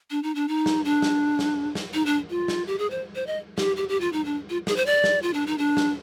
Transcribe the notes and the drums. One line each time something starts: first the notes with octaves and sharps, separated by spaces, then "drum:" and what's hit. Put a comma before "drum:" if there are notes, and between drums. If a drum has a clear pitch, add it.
D4
D#4
D4
D#4
drum: snare
D4
drum: snare
drum: snare
drum: snare
D#4
D4
F4
drum: snare
G4
G#4
C5
C5
D#5
G4, drum: snare
G4
G4
F4
D#4
D4
F4
G#4, drum: snare
C5
D5
drum: snare
F4
D4
D#4
D4
drum: snare